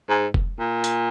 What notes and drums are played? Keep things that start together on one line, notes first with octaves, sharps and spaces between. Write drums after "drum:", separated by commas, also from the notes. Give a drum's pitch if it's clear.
G#2
drum: kick F1
A#2
drum: hi-hat